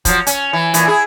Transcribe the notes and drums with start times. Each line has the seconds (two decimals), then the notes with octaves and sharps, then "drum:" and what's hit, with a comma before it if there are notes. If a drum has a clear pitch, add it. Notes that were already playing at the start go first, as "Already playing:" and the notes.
0.05 F3 F#3, drum: kick, hi-hat
0.27 C#4, drum: hi-hat
0.53 E3
0.74 A#2 E3, drum: hi-hat
0.88 E4 G#4